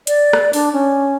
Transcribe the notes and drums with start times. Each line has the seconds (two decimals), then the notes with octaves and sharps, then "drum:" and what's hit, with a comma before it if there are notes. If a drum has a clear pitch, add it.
0.07 D5, drum: hi-hat
0.33 drum: rim click
0.53 D4, drum: open hi-hat
0.73 C#4